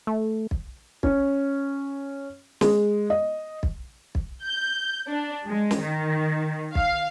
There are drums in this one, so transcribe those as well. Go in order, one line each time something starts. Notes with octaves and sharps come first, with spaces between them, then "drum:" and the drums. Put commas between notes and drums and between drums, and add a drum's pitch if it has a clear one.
A3
drum: kick
C#4, drum: kick
G#3, drum: snare
D#5
drum: kick
drum: kick
G6
D4
G#3
drum: snare
D#3
F5, drum: kick